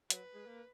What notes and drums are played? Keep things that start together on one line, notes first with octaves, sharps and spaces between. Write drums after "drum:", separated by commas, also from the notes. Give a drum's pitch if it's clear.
F#3 B4, drum: hi-hat
G#3
A#3